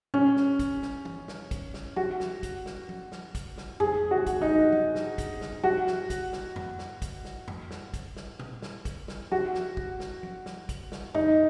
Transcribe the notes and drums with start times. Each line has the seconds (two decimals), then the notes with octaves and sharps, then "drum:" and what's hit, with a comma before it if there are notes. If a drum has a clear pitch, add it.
0.14 C#4, drum: tom A#2
0.36 drum: snare
0.59 drum: kick, hi-hat
0.82 drum: snare
1.05 drum: tom E3
1.28 drum: snare
1.51 drum: kick, hi-hat
1.74 drum: snare
1.96 F#4, drum: tom F3
2.20 drum: snare
2.43 drum: kick, hi-hat
2.66 drum: snare
2.89 drum: tom F3
3.12 drum: snare
3.35 drum: kick, hi-hat
3.58 drum: snare
3.80 G#4, drum: tom F2
4.11 F#4
4.27 drum: kick, hi-hat
4.42 D#4
4.72 drum: tom F3
4.95 drum: snare
5.18 drum: kick, hi-hat
5.41 drum: snare
5.64 F#4, drum: tom F3
5.87 drum: snare
6.10 drum: kick, hi-hat
6.33 drum: snare
6.56 drum: tom F2
6.79 drum: snare
7.02 drum: kick, hi-hat
7.25 drum: snare
7.48 drum: tom F2
7.71 drum: snare
7.94 drum: kick, hi-hat
8.17 drum: snare
8.39 drum: tom A#2
8.62 drum: snare
8.85 drum: kick, hi-hat
9.08 drum: snare
9.32 F#4, drum: tom F3
9.54 drum: snare
9.77 drum: kick
10.00 drum: snare
10.23 drum: tom F3
10.46 drum: snare
10.69 drum: kick, hi-hat
10.92 drum: snare
11.15 D#4, drum: tom F2